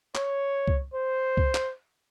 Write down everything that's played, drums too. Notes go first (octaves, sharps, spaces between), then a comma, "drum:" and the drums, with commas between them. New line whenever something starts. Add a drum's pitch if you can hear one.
C#5, drum: clap
drum: kick C2
C5
drum: kick C2
drum: clap